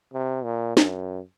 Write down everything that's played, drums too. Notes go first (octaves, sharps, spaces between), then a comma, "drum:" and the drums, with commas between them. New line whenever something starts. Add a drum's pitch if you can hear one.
C3
A#2
F#2, drum: snare